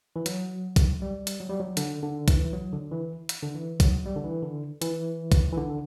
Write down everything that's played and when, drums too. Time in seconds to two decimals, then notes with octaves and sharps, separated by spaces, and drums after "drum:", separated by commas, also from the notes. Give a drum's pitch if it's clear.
0.16 E3
0.26 F#3, drum: hi-hat
0.76 drum: kick B1, hi-hat
1.02 G3
1.27 drum: hi-hat
1.40 F#3
1.49 G3
1.60 F#3
1.77 D3, drum: hi-hat
2.03 D3
2.28 E3, drum: kick B1, hi-hat
2.53 F#3
2.73 D3
2.91 E3
3.29 drum: hi-hat
3.43 D3
3.55 E3
3.80 F#3, drum: kick B1, hi-hat
4.06 G3
4.16 D3
4.24 E3
4.42 D3
4.82 E3, drum: hi-hat
5.32 drum: kick B1, hi-hat
5.52 E3
5.57 D3